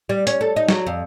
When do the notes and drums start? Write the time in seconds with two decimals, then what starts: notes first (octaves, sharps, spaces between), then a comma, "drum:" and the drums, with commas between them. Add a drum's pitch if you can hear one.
0.09 G3
0.27 C#4, drum: hi-hat
0.41 A4
0.56 D#4
0.69 F#3, drum: snare
0.87 F2